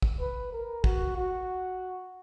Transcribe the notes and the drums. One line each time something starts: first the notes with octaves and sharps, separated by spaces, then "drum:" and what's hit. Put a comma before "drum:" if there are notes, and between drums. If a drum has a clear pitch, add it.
drum: kick
B4
A#4
F#4, drum: kick
F#4